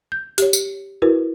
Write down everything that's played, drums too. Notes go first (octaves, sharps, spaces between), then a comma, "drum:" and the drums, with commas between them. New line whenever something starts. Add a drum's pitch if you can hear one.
G6
G4 C#5, drum: hi-hat
drum: tambourine
E4 F#4 A#4 B4